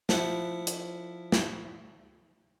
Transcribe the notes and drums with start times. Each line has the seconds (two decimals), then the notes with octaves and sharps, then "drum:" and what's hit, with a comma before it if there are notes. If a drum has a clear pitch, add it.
0.09 F3 E4 F#5, drum: snare
0.67 drum: hi-hat
1.32 drum: snare